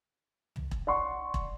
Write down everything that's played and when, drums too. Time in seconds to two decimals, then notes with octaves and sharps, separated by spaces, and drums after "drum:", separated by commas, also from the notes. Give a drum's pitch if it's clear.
0.56 drum: tom
0.71 drum: kick E1
0.87 D5 F#5 C6 C#6
1.34 drum: kick E1